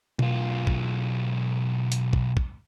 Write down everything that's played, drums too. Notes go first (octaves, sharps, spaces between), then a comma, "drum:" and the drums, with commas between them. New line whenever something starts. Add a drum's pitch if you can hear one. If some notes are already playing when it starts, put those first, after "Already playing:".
B1 F4, drum: tom B2
drum: kick
drum: hi-hat
drum: kick
drum: kick